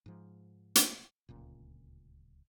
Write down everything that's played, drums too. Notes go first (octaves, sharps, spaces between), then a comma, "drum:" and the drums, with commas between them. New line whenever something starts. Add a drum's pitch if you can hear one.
G#2 F3
drum: hi-hat
D1 C#2 A#2